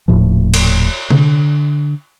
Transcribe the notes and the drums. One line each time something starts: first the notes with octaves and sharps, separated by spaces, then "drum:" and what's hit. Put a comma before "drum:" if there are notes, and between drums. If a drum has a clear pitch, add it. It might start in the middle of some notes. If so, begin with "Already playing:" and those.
D#1 G#1 A2 F3
drum: cymbal
D3, drum: tom C3